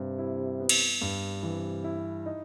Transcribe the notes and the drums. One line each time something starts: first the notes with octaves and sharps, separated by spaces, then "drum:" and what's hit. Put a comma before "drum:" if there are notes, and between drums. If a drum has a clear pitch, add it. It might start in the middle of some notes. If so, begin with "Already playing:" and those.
Already playing: G2 C3
E4
B3
drum: cymbal
G2
C3 E3
E4
D#4